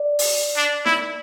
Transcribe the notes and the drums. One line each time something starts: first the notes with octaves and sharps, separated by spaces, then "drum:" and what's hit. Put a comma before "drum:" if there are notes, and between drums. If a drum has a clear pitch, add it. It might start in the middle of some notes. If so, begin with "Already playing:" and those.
Already playing: D5
drum: open hi-hat
D4
E4, drum: snare D#4